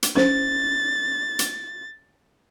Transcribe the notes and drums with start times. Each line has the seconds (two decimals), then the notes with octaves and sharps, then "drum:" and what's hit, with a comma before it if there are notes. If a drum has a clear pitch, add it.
0.03 drum: hi-hat
0.16 C#4 C5 A6, drum: snare
1.39 drum: hi-hat